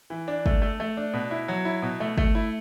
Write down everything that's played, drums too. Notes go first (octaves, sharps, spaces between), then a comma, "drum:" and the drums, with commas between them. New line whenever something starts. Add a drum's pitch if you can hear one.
E3
D4
A3, drum: kick
A3
A3
D4
B2
E4
F#3
E4
B2
A3
A3, drum: kick
E4